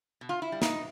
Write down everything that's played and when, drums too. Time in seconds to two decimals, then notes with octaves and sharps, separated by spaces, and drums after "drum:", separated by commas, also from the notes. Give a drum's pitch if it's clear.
0.21 B2
0.29 F4
0.42 E4
0.52 G3
0.62 D#4, drum: snare